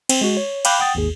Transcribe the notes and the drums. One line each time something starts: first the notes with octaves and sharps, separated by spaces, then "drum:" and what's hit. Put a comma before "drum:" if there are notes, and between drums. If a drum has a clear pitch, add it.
C4, drum: cymbal
G#3 F#4
C#5
F5 G5 B5 D6 F#6 G6, drum: cymbal
F#5 G5 D#6 A6
G#1 D#2 G#4